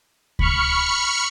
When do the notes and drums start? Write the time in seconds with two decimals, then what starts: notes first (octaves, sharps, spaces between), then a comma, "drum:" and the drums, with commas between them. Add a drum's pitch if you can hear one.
0.39 B5 C#6 F6 C#7, drum: kick C#2